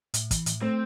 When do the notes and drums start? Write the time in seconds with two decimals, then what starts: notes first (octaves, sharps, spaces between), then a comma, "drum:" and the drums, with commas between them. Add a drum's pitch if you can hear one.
0.14 A2, drum: hi-hat
0.31 E3, drum: kick, hi-hat
0.46 A2, drum: hi-hat
0.62 A3 C4